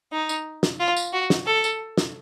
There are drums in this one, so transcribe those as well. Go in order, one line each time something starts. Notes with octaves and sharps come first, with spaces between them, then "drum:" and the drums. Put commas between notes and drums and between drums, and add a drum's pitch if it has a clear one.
D#4
drum: tambourine
drum: snare
F4
drum: tambourine
F#4
drum: snare
A4
drum: tambourine
drum: snare